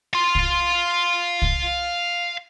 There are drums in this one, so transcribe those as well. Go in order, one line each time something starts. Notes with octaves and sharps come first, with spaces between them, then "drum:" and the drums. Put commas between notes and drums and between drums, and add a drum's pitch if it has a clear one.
F5 C6
drum: kick C2
drum: kick C2